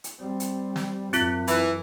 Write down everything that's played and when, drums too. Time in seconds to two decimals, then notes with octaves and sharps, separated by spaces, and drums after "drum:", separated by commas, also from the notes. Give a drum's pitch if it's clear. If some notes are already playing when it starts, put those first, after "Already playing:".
0.04 drum: hi-hat
0.19 G3 C4
0.40 drum: hi-hat
0.76 drum: snare
1.13 F#2 C4 F4, drum: hi-hat
1.47 E3, drum: hi-hat